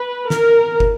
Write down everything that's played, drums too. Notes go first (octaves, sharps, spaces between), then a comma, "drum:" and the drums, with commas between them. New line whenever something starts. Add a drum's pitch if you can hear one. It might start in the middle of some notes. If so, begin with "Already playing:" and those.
Already playing: B4
A#4, drum: snare
drum: kick